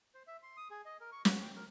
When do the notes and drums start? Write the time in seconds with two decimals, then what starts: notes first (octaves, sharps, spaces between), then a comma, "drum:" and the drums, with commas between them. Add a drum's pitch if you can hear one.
0.15 C5
0.27 E5
0.43 C6
0.57 D#6
0.71 G#4
0.86 D#5
1.01 A#4
1.12 C#6
1.25 F#4, drum: snare
1.43 G5
1.56 A#4